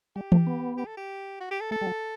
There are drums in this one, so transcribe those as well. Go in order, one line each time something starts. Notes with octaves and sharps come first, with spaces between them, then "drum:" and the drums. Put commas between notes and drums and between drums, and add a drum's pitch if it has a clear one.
G3 G4
A3, drum: tom E3
B3
G4
A4
G4
F#4
G4
A4
A3 A4
G3
F#3